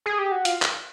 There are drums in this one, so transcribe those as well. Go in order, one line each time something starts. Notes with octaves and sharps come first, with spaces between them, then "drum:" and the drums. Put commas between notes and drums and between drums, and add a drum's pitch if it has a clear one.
G#4
G4
F#4
F4, drum: hi-hat
drum: clap